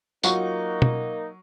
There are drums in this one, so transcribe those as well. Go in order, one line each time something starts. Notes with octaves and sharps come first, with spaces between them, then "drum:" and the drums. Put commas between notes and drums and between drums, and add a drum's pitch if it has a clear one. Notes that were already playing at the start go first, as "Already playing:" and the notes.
F#3 A#3 D#4 F4 F#5 C#6, drum: tambourine
drum: tom